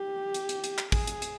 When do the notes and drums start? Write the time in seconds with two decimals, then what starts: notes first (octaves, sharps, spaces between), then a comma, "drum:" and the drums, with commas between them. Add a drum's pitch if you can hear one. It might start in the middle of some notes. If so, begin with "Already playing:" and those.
Already playing: G4
0.34 drum: hi-hat
0.49 drum: hi-hat
0.64 drum: hi-hat
0.78 drum: clap
0.92 G#4, drum: kick, open hi-hat
1.07 drum: hi-hat
1.22 drum: hi-hat